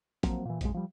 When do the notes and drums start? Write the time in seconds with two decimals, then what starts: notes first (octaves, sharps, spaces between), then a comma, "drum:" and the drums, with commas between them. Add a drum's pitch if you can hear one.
0.23 F3 F#3 A#3 C4, drum: kick A1, hi-hat
0.45 A#2 E3
0.61 F1 A#1 F#2 G#3, drum: kick A1, hi-hat
0.74 F3 G3